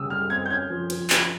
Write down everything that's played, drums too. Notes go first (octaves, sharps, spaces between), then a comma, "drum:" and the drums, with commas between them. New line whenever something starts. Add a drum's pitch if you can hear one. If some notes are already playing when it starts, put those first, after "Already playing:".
Already playing: C#3 G3 D#6 E6
G3 F6
C4 G#6
G6
C#4 G#6
F3
F3, drum: cymbal
F3, drum: clap